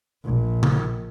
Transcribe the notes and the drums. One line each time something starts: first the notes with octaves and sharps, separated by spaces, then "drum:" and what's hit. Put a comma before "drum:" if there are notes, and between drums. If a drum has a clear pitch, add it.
A#1
drum: tom C#3